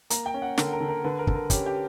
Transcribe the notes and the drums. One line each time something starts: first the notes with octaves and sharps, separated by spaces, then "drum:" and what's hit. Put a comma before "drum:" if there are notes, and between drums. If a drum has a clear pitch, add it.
A#3 A#5, drum: hi-hat
G5
C#4
F#5
D3 A#4, drum: snare
A#4
D3
A#4
D3 B4
A#4
D3, drum: kick
A#4
C#4 G4, drum: kick, hi-hat
G4